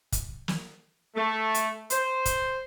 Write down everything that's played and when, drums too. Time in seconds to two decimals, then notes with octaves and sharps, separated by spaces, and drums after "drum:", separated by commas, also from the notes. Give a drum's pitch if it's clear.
0.12 drum: kick, hi-hat
0.48 drum: snare
1.16 A3
1.54 drum: hi-hat
1.90 C5, drum: hi-hat
2.25 drum: kick, hi-hat